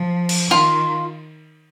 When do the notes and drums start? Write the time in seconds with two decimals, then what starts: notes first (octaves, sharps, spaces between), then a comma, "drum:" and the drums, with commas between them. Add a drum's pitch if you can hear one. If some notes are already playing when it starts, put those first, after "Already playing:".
Already playing: F3
0.29 drum: cymbal
0.51 D#3 F4